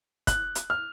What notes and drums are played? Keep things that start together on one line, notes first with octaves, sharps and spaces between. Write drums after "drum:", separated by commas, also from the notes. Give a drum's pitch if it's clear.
F#6, drum: kick, hi-hat
drum: hi-hat
F6